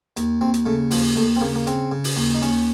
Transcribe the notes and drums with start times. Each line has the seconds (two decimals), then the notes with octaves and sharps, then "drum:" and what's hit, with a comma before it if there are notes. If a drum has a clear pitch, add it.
0.17 D#2, drum: hi-hat
0.41 D#2 C4
0.54 drum: hi-hat
0.66 C#3 A3
0.91 D#2 F3, drum: open hi-hat
1.16 D#2 A3
1.36 C4
1.41 C#3 A#3
1.56 A#3
1.67 C#3 C4, drum: hi-hat
1.92 C#3
2.04 drum: open hi-hat
2.16 D#2
2.35 D#4
2.42 D#2 C#4, drum: hi-hat